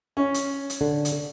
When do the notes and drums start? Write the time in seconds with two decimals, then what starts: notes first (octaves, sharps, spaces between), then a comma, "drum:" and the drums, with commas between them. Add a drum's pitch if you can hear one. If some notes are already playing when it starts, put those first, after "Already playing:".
0.17 C#4
0.34 drum: hi-hat
0.70 drum: hi-hat
0.81 D3
1.05 drum: hi-hat